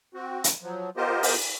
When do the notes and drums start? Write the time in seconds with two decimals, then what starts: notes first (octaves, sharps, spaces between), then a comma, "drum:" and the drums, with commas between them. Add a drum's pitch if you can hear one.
0.14 C4 F#4
0.44 drum: hi-hat
0.62 F3 F#3
0.97 B3 F4 G4 A#4 C5 D#5
1.23 drum: open hi-hat